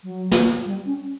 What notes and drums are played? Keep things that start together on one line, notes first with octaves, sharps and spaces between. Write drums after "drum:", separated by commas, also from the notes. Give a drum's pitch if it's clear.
F#3
drum: snare
G3
C#4